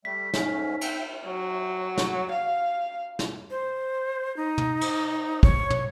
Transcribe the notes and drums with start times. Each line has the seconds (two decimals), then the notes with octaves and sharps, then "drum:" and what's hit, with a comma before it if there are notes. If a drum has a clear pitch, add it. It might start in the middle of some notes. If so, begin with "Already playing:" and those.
0.05 G3 A3 B6
0.34 G#2 A3 C#4 D#4, drum: snare
0.81 E5 G5, drum: cymbal
1.26 F#3
1.98 drum: snare
2.31 F5
3.19 drum: snare
3.51 C5
4.37 D#4
4.58 drum: tom
4.81 drum: cymbal
5.43 C#5, drum: kick
5.70 drum: tom